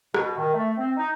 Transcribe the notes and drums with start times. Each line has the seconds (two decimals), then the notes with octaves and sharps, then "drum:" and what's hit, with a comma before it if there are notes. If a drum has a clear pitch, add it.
0.14 B2, drum: rim click
0.37 D#3
0.53 A3
0.78 C4
0.97 D#4